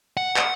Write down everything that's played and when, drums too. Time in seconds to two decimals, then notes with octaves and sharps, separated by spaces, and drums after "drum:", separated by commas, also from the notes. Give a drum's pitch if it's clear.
0.17 F#5
0.36 drum: clap